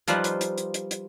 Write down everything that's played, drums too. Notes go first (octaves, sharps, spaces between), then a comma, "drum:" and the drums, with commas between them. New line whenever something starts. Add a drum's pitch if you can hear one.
F3 G3 D#4 F4 B4 C5, drum: hi-hat
drum: hi-hat
drum: hi-hat
drum: hi-hat
drum: hi-hat
drum: hi-hat